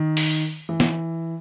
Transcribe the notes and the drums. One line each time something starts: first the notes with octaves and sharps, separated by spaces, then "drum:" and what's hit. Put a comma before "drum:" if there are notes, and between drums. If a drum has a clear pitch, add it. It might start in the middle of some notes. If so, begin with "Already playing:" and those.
Already playing: D#3
drum: open hi-hat
E3
drum: snare